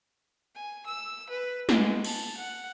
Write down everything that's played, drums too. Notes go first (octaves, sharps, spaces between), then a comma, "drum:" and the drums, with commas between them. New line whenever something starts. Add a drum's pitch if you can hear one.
G#5
E6
B4
G#3 B3, drum: snare
A5, drum: cymbal
F#5